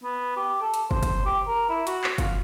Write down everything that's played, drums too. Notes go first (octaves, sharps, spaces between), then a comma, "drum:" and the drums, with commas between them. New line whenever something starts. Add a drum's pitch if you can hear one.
B3
G4
A4
drum: hi-hat
C5, drum: kick
drum: kick, hi-hat
G4
A#4
E4
F#4, drum: hi-hat
drum: clap
F4, drum: kick, hi-hat